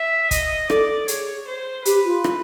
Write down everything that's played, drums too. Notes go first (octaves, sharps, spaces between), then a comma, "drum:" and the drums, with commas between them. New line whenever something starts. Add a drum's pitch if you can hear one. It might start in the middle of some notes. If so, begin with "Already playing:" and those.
Already playing: E5
D#5, drum: kick, hi-hat
A4 D5, drum: rim click
G#4 C#5, drum: hi-hat
C5
G4 B4, drum: hi-hat
F4
drum: rim click